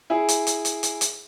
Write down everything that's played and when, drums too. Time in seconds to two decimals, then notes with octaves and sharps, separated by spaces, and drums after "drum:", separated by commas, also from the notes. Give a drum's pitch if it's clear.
0.10 E4 G#4
0.29 drum: hi-hat
0.47 drum: hi-hat
0.65 drum: hi-hat
0.83 drum: hi-hat
1.01 drum: hi-hat